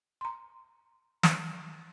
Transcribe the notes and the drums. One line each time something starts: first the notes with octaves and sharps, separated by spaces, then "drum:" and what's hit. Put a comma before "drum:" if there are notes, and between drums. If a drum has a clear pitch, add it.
A#5 C6
drum: snare